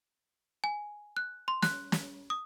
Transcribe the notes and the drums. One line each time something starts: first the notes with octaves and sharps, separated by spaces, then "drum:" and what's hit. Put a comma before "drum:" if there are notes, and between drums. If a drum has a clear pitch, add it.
G#5
F#6
C6
F#6, drum: snare
drum: snare
D#6